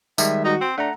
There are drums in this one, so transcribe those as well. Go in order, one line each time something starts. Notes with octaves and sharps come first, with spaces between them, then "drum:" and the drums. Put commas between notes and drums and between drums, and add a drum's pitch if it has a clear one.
D#3 G3 G#3 E5, drum: tambourine
D#4 F#4
C4
A3 D4 F#5 A#5